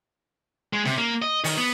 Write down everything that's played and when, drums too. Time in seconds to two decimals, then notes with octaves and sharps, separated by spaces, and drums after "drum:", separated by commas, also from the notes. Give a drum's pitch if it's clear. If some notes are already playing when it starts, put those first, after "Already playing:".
0.73 G#3
0.85 C3, drum: snare
0.98 A#3
1.22 D#5
1.44 D#3, drum: open hi-hat
1.57 B3